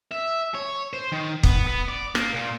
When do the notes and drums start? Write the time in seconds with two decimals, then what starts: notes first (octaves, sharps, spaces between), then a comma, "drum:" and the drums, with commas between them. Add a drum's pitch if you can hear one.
0.11 E5
0.54 C#5
0.93 C5
1.12 D#3
1.43 B3, drum: kick
1.67 B3
1.88 D5
2.15 A#3, drum: rim click
2.34 A#2